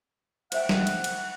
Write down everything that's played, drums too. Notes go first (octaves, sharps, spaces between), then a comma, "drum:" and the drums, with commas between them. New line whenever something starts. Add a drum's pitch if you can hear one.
C5 E5 F#5 G5, drum: cymbal
drum: snare
drum: cymbal
drum: cymbal